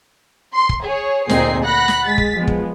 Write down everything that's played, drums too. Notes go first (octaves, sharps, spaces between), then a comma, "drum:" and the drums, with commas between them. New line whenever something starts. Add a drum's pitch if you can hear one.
C6
drum: kick
G#4 C#5
D2 A#2 C4 D#4 G#4 C7, drum: snare
F#5 B5 F#6 A#6
drum: snare
G#3 A6 B6
drum: kick
F3 G#3 B3
drum: kick